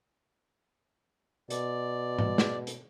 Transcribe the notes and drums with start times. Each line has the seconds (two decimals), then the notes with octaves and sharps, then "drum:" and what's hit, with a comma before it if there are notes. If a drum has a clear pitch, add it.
1.50 B2 D5, drum: hi-hat
2.19 drum: tom G#2
2.38 drum: snare
2.67 drum: hi-hat